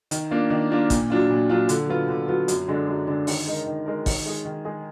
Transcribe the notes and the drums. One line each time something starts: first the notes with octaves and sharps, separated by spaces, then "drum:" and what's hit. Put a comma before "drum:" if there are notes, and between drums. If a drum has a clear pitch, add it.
D#3, drum: hi-hat
A#3 D4 F4
D#3
A#3 D4 F4
A#2, drum: kick G#1, hi-hat
F#3 D4 F4
A#2
F#3 D4 F4
D3, drum: hi-hat
F#3 B3 F4
D3
F#3 B3 F4
F#2, drum: hi-hat
D3 G#3 D4
F#2
D3 G#3 D4
D#3, drum: open hi-hat
G#3 D#4 A#4
D#3
G#3 D#4 A#4
D#3, drum: kick G#1, open hi-hat
G#3 D#4 G#4
D#3
G#3 D#4 G#4